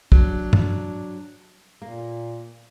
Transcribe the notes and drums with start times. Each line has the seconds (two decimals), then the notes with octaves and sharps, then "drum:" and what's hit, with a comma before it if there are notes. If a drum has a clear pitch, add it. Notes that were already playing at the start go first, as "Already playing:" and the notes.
0.12 F#3 D4, drum: kick
0.53 drum: tom
1.82 A#2 A#3